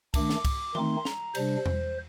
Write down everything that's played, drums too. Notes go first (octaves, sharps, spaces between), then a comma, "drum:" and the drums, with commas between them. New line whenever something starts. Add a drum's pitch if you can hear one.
D#3 A3 D4 D6, drum: kick, cymbal
drum: snare
drum: kick, cymbal
D#3 A3 C4 D#4 C6, drum: tom E3
A#5, drum: snare
C3 G3 D4 C5, drum: cymbal
drum: tom E2